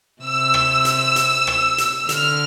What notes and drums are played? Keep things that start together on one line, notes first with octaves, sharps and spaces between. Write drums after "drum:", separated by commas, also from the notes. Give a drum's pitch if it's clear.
C3 E6
drum: rim click
drum: hi-hat
drum: hi-hat
drum: rim click
drum: hi-hat
D3 F6, drum: hi-hat